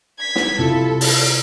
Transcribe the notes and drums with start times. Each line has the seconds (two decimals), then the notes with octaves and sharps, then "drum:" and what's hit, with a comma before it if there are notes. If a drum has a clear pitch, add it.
0.19 G#6 B6
0.36 drum: snare
0.59 C3 E4 F4 A4
1.01 drum: open hi-hat